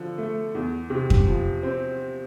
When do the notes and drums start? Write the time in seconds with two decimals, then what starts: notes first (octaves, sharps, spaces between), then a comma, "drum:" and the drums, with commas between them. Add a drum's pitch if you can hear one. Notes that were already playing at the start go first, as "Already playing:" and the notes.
Already playing: D3 F3
0.18 A3
0.55 E2
0.90 C3
1.10 drum: kick F2
1.27 F3
1.63 C4